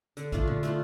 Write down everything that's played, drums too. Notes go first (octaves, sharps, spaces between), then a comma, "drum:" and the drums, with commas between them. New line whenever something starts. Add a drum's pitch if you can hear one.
D3, drum: hi-hat
A3 D4 F4, drum: kick, hi-hat
D3, drum: tom B2
A3 D4 F4, drum: hi-hat